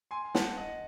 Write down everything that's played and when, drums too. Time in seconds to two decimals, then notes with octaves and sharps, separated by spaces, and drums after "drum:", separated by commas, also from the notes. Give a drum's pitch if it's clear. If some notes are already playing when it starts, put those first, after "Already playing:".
0.11 G#5 C6
0.35 F#5 A5, drum: snare
0.57 D#5 F#5